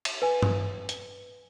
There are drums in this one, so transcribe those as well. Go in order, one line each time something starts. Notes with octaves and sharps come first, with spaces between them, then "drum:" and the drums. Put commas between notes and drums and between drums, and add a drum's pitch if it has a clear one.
drum: cymbal
B4 G#5
drum: tom G2
drum: hi-hat